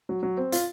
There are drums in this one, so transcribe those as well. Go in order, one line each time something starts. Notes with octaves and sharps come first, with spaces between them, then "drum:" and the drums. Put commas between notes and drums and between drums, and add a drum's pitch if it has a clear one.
F#3
F#3
C4
F4, drum: hi-hat